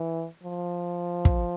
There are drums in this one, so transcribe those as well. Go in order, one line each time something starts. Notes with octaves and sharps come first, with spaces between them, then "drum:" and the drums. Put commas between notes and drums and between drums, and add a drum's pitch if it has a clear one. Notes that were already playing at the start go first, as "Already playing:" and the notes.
Already playing: E3
F3
drum: kick